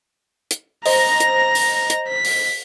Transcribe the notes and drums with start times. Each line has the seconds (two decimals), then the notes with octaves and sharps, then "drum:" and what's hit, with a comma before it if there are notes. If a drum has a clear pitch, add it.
0.51 drum: hi-hat
0.86 C5 D#5 A#5 A#6, drum: open hi-hat
1.20 drum: hi-hat
1.55 drum: open hi-hat
1.90 drum: hi-hat
2.09 B6
2.25 drum: open hi-hat